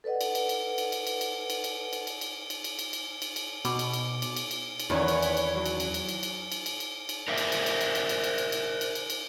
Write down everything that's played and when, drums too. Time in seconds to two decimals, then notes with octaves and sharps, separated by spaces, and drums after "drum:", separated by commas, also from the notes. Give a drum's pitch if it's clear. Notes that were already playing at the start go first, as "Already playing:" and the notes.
0.04 A4 B4 D5 D#5 F#5
0.21 drum: cymbal
0.35 drum: cymbal
0.49 drum: cymbal
0.78 drum: cymbal
0.92 drum: cymbal
1.07 drum: cymbal
1.21 drum: cymbal
1.50 drum: cymbal
1.64 drum: cymbal
1.93 drum: cymbal
2.07 drum: cymbal
2.21 drum: cymbal
2.50 drum: cymbal
2.64 drum: cymbal
2.79 drum: cymbal
2.93 drum: cymbal
3.22 drum: cymbal
3.36 drum: cymbal
3.65 B2 D6, drum: cymbal
3.79 drum: cymbal
3.93 drum: cymbal
4.22 drum: cymbal
4.36 drum: cymbal
4.51 drum: cymbal
4.79 drum: cymbal
4.90 E2 D#3 C#4 D#4 B4 C#5
5.08 drum: cymbal
5.23 drum: cymbal
5.37 drum: cymbal
5.54 F#3
5.66 drum: cymbal
5.80 drum: cymbal
5.94 drum: cymbal
6.09 drum: cymbal
6.23 drum: cymbal
6.52 drum: cymbal
6.66 drum: cymbal
6.80 drum: cymbal
7.09 drum: cymbal
7.28 A#4 C5 D5 E5 F5
7.38 drum: cymbal
7.52 drum: cymbal
7.66 drum: cymbal
7.81 drum: cymbal
7.95 drum: cymbal
8.09 drum: cymbal
8.24 drum: cymbal
8.38 drum: cymbal
8.52 drum: cymbal
8.81 drum: cymbal
8.95 drum: cymbal
9.10 drum: cymbal